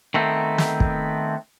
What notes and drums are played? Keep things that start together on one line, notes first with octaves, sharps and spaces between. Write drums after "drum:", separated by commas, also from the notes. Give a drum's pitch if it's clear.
D#3 A3 B3 C4
drum: snare
drum: kick